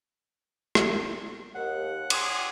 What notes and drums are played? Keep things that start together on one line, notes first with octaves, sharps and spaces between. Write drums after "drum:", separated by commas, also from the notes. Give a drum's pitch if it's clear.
drum: rim click
D#2 F#5
G#4 G5 C6 D6, drum: cymbal